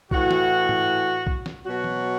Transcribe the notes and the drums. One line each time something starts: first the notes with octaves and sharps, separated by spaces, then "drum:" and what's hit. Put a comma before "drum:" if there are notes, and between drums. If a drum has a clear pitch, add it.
A2 E3 F#4, drum: kick B1
drum: snare
drum: tom G#2
drum: kick B1
drum: snare
B2 F#3 F#4
drum: tom E3